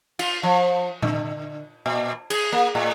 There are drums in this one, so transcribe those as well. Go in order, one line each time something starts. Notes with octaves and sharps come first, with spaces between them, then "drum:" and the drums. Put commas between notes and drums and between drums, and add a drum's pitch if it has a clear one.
F4, drum: cymbal
F3
D3, drum: tom A#2
A#2
G#4, drum: cymbal
A#3
A2